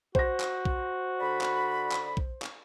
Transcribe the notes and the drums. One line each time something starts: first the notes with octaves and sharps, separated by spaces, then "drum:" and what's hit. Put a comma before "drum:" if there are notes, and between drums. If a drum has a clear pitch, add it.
F#4 C5 A#6, drum: kick
drum: clap
drum: kick
D3 D5 B5
drum: clap
drum: clap
drum: kick
drum: clap